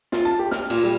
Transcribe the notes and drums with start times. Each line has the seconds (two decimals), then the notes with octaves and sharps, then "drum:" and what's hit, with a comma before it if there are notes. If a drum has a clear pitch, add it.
0.12 F4, drum: snare
0.25 A5
0.39 G4
0.51 F6, drum: snare
0.70 A#2, drum: cymbal
0.84 G3